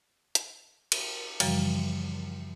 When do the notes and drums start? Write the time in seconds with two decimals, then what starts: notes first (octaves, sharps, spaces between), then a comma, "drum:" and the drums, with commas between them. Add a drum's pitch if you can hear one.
0.35 drum: hi-hat
0.92 drum: cymbal
1.40 F#2 C#3 E3 F3 G3, drum: cymbal